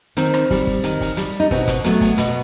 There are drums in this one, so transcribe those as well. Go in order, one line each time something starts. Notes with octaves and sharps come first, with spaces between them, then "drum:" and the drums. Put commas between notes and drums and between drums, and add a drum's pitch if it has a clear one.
D#3 C4, drum: hi-hat
drum: rim click
G3, drum: kick, open hi-hat
drum: kick
D#3, drum: hi-hat
drum: kick, open hi-hat
G3, drum: hi-hat
D#4
B2 C4, drum: kick, open hi-hat
drum: kick, hi-hat
F#3 A3 B3, drum: hi-hat
drum: kick, open hi-hat
B2, drum: hi-hat